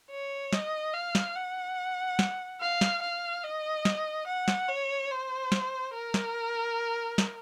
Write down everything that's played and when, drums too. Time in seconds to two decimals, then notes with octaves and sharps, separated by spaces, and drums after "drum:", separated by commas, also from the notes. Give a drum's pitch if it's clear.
0.11 C#5
0.53 D#5, drum: snare
0.94 F5
1.15 drum: snare
1.36 F#5
2.19 drum: snare
2.61 F5
2.81 drum: snare
3.02 F5
3.44 D#5
3.85 drum: snare
4.27 F#5
4.48 drum: snare
4.68 C#5
5.10 C5
5.52 drum: snare
5.94 A#4
6.14 drum: snare
7.18 drum: snare